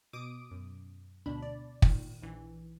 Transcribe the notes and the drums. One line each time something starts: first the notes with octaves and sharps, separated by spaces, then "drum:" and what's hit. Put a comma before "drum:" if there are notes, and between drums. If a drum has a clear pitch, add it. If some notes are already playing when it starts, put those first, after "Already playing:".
B2 D6 D#6 D7 D#7
F#2
D2 B2 D4 B5
D5
A#2 D#3, drum: kick
A#1 E3